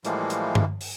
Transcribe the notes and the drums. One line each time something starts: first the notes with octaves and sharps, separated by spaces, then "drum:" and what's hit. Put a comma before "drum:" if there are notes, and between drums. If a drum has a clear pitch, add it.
A2 E3 F3 G3 G#3 A#3, drum: hi-hat
drum: hi-hat
drum: tom G2
drum: open hi-hat